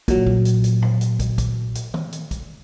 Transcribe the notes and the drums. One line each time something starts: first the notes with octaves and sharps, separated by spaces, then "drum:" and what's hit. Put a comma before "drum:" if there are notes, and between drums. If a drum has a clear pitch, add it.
A#2 F#3, drum: kick, hi-hat
drum: kick
drum: hi-hat
drum: hi-hat
drum: tom
drum: hi-hat
drum: kick, hi-hat
drum: kick, hi-hat
drum: hi-hat
drum: tom D#3
drum: hi-hat
drum: kick, hi-hat